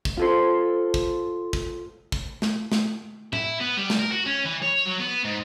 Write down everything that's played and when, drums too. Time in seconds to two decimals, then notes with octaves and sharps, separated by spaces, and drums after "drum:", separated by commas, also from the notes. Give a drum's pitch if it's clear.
0.05 drum: kick
0.17 F4 A4 C5
0.94 drum: kick
1.53 drum: kick
2.12 drum: kick
2.42 drum: snare
2.72 drum: snare
3.33 E4, drum: tom A2
3.60 B3
3.77 G3
3.90 drum: snare
3.99 A#4
4.12 F#4
4.26 C#4
4.46 E3
4.63 C#5
4.86 F#3
5.00 B3
5.25 G#2